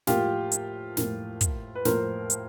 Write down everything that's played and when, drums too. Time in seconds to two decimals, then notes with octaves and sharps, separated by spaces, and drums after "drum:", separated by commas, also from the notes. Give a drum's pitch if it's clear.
0.07 A2 F3 A#3 F4 G4, drum: snare
0.52 drum: hi-hat
0.97 A2 F3 A#3, drum: snare
1.41 drum: kick, hi-hat
1.75 B4
1.85 A2 F3 A#3 A#4 C5, drum: snare
2.30 drum: hi-hat